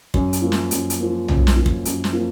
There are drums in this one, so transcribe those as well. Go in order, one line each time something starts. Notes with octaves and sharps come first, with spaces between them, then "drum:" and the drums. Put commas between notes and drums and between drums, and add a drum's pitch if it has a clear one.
F#2, drum: kick
drum: hi-hat
F3 A#3
drum: snare
F#2, drum: hi-hat
drum: hi-hat
F3 A#3
F#2, drum: tom B1
drum: snare
F3 A#3
drum: kick
F#2, drum: hi-hat
drum: snare
F3 A#3